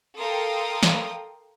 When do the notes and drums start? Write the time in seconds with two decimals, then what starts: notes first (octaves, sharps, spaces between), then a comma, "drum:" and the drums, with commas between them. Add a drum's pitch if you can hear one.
0.18 A4 A#4 F5 G5 C6 D#6
0.83 drum: snare